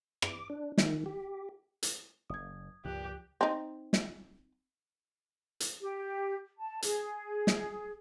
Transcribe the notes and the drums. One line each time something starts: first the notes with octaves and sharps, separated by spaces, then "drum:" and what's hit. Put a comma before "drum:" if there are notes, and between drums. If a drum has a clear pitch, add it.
D6, drum: rim click
D4
D#3, drum: snare
G4
drum: hi-hat
F#1 D#6 G#6
C#2 G2 A#2 F3 G4 F#6
C4 D#4
drum: snare
drum: hi-hat
G4
A5
G#4, drum: hi-hat
drum: snare